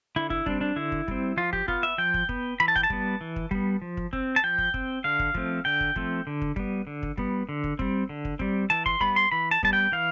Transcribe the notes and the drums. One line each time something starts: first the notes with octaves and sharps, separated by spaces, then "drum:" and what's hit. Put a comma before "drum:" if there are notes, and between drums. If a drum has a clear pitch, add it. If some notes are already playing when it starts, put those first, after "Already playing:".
D3 E4
E4, drum: kick
G3 C4 D4, drum: kick
D4
D3 E4
drum: kick
G3 C4, drum: kick
F3 F4
G4, drum: kick
B3 F4, drum: kick
E5
F3 G5
drum: kick
B3, drum: kick
E3 B5
A5
G5, drum: kick
A5
G3 B3, drum: kick
E3
drum: kick
G3 B3, drum: kick
F3
drum: kick
C4, drum: kick
A5
F3 G5
drum: kick
C4, drum: kick
D3 F5
drum: kick
F3 A3 C4, drum: kick
D3 G5
drum: kick
F3 A3 C4, drum: kick
D3
drum: kick
G3 B3, drum: kick
D3
drum: kick
G3 B3, drum: kick
D3
drum: kick
G3 C4, drum: kick
D3
drum: kick
G3 C4, drum: kick
E3 A5
C6, drum: kick
G3 B3 B5, drum: kick
C6
E3 B5
A5
G3 B3 A5, drum: kick
G5
E3 F5